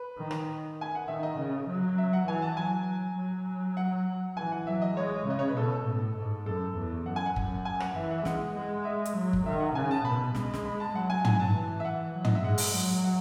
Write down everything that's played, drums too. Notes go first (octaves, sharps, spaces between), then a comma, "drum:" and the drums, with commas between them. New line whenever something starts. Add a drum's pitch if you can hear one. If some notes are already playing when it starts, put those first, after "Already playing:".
Already playing: B4
D#3
drum: rim click
G#5
F#5
D#3 E5
D#5
C#3 D#5
F#3
E5
F#5
E3 G#5
A5
F#3 G#5
F#3
F#5
E3 G#5
F#5
F#3 E5
D#5
G#3 C#5
C#3 D#5
C#5
B4
B2 A4
A2
G#2
F#2 A4
E2
F#2 F#5
G#5
F#5
F#2, drum: kick
G#5
F#5, drum: rim click
E3 E5
F#5
E5
G#3 F#5, drum: snare
G#3
E5
drum: hi-hat
F#3
drum: kick
D#3 E5
F#5
C#3 G#5
A5
B2 B5
G#3, drum: snare
drum: snare
B5
A5
F#3 F#5
G#5
G#5, drum: tom
A5
E3
E5
F#5
F#3
D#5, drum: tom
E5
G#3 F#5
drum: open hi-hat
F#3
F#5